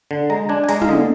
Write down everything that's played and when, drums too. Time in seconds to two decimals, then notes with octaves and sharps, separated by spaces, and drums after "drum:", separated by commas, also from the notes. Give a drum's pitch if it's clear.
0.11 D3
0.30 G#3 A#5
0.49 D4 G#5
0.64 G#5
0.68 G#3 A#5, drum: hi-hat
0.81 F5, drum: tom
0.88 D3 D#5